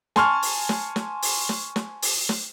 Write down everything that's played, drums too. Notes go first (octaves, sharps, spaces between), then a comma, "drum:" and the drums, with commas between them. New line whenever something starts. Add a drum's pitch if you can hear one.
G#5 A5 C6 C#6 F6, drum: snare
drum: open hi-hat
drum: snare
drum: snare
drum: open hi-hat
drum: snare
drum: snare
drum: open hi-hat
drum: snare